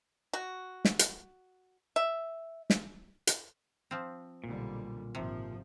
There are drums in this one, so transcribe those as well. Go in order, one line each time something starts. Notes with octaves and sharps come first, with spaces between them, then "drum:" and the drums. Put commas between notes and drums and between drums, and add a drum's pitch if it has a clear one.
F#4
drum: snare
drum: hi-hat
E5
drum: snare
drum: hi-hat
F3 C4
B1 A#2 D3 G3
G#1 C3 F3